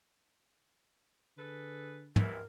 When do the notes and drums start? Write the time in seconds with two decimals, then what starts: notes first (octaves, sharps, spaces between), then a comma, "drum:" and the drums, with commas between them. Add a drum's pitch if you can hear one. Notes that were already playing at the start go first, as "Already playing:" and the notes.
1.37 D3 G#4 A4 B4
2.16 G#1 C3 E3 A#4, drum: tom